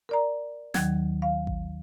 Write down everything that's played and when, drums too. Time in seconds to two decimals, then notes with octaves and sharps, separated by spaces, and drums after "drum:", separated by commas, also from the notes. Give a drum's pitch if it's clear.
0.09 A#4 D5 A#5
0.74 D#2 D#3 F#3 G#6, drum: snare
1.22 F5
1.47 drum: kick A1